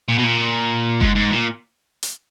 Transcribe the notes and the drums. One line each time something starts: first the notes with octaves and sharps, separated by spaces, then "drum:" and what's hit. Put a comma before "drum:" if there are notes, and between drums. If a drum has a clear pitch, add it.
A#2
B2
A#2
G#2, drum: kick F#1
G#2
A#2
drum: hi-hat